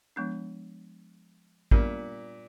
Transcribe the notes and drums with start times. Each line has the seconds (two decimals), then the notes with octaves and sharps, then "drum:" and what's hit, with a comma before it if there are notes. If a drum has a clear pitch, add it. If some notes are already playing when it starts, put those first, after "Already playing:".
0.16 F3 G#3 B3 D4
1.71 A#2 G3 B3 D4 G4 A#4, drum: kick A1